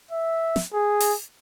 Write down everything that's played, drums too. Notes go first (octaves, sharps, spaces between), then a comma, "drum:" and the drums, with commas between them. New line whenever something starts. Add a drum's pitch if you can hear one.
E5
drum: snare
G#4
drum: open hi-hat